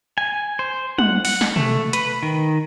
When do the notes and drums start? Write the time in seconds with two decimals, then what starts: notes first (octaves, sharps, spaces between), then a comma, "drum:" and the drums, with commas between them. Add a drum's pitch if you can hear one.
0.18 G#5
0.59 C5
0.98 F#5, drum: tom
1.25 F#5, drum: open hi-hat
1.41 drum: snare
1.56 A3, drum: tom B2
1.93 B4, drum: hi-hat
2.23 D#3